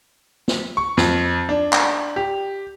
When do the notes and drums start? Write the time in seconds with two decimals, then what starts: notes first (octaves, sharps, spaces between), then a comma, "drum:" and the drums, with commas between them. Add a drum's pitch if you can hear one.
0.48 drum: snare
0.77 C#6
0.97 F2, drum: snare
1.49 D4
1.73 drum: clap
2.16 G4